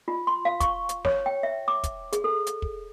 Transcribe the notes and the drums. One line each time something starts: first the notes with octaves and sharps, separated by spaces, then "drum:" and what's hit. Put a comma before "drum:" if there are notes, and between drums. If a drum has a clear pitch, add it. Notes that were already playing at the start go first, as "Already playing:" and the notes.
F4
C6
F5
C#6, drum: kick, hi-hat
drum: hi-hat
C#5, drum: snare
G5
E5
D6
drum: kick, hi-hat
G#4, drum: hi-hat
A4
drum: hi-hat
drum: kick